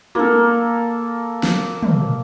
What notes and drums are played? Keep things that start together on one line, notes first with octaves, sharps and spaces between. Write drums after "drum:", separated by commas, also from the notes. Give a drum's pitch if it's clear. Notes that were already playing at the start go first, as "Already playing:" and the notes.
A#3 A4, drum: tom
drum: snare
drum: tom